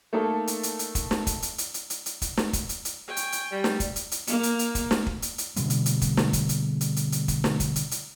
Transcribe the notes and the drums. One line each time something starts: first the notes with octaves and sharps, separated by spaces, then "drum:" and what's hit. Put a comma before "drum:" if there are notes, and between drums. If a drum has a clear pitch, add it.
A3 A#3 D#4 A4
drum: hi-hat
drum: hi-hat
drum: hi-hat
drum: kick, hi-hat
drum: snare
drum: kick, hi-hat
drum: hi-hat
drum: hi-hat
drum: hi-hat
drum: hi-hat
drum: hi-hat
drum: kick, hi-hat
drum: snare
drum: kick, hi-hat
drum: hi-hat
drum: hi-hat
G5 G#5 C#6
drum: hi-hat
drum: hi-hat
G3
drum: snare
drum: kick, hi-hat
drum: hi-hat
drum: hi-hat
A#3, drum: hi-hat
drum: hi-hat
drum: hi-hat
drum: kick, hi-hat
drum: snare
drum: kick
drum: hi-hat
drum: hi-hat
B2 D3 G3 A#3, drum: hi-hat
drum: hi-hat
drum: hi-hat
drum: kick, hi-hat
drum: snare
drum: kick, hi-hat
drum: hi-hat
drum: hi-hat
drum: hi-hat
drum: hi-hat
drum: kick, hi-hat
drum: snare
drum: kick, hi-hat
drum: hi-hat
drum: hi-hat